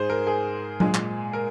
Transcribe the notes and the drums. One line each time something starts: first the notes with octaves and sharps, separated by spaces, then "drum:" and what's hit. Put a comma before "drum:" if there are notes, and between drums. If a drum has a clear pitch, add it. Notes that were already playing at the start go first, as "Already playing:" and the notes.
Already playing: G#2 G#3 G#4 C5
A#4
G#4
A#2 G#3, drum: tom F#3
drum: clap
A#4